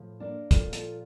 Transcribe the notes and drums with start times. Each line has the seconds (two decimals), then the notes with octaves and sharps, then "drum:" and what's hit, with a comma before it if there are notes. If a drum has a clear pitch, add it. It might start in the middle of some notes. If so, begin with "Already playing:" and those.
Already playing: A2 F3
0.20 A#3 D4
0.51 A#2 F3 F4 A4, drum: kick, hi-hat
0.73 F4 A4, drum: hi-hat